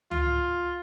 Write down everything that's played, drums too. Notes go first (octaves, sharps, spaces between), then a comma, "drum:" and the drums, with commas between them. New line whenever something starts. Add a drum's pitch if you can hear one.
F4, drum: tom C#2